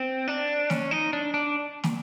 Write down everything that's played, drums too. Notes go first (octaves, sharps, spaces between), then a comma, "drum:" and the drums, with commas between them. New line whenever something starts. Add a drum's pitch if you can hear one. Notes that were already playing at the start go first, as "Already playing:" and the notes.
Already playing: C4
D4
C#4, drum: snare
D#4
D4
D4
drum: snare